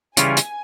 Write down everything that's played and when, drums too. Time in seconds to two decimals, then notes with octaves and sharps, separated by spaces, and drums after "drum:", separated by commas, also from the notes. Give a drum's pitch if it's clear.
0.17 C#3 E3 G3 C#4 F4 G#5, drum: hi-hat
0.37 drum: hi-hat